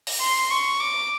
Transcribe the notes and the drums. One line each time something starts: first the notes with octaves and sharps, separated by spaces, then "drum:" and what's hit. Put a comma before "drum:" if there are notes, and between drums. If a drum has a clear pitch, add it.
drum: open hi-hat
C6
C#6
D6